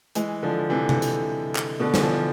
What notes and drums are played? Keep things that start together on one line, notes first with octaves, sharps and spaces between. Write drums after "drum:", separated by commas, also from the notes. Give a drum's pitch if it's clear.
E3 G#3, drum: hi-hat
D3 F3
C3 E3
drum: tom C3
drum: hi-hat
drum: clap
B2 D3
E3, drum: snare
D3 F3